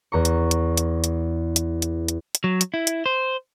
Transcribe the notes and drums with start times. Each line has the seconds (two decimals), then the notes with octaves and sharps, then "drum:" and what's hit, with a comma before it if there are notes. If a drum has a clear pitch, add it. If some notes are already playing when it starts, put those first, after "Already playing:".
0.12 E2 A#5 C#6
0.25 drum: hi-hat
0.51 drum: hi-hat
0.77 drum: hi-hat
1.04 drum: hi-hat
1.56 drum: hi-hat
1.82 drum: hi-hat
2.08 drum: hi-hat
2.35 drum: hi-hat
2.44 F#3
2.61 drum: hi-hat
2.74 E4
2.87 drum: hi-hat
3.06 C5